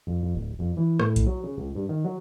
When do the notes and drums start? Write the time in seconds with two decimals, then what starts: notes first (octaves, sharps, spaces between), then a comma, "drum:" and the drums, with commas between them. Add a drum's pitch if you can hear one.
0.07 F2
0.23 F2
0.35 D1
0.59 F2
0.77 E3
1.00 A2, drum: rim click
1.16 drum: kick B1, hi-hat
1.26 F#3
1.44 C#3
1.57 C#2
1.75 G2
1.89 D#3
2.04 F#3